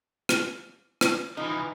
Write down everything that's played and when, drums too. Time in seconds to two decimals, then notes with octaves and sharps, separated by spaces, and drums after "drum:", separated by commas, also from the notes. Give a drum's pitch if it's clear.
0.29 drum: rim click
1.01 drum: rim click
1.37 E3 F3 D#4